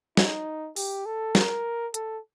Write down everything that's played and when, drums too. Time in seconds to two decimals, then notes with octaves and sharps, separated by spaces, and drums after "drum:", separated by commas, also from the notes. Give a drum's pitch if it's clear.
0.17 D#4, drum: snare
0.76 G4, drum: open hi-hat
1.06 A4
1.35 A#4, drum: snare
1.94 A4, drum: hi-hat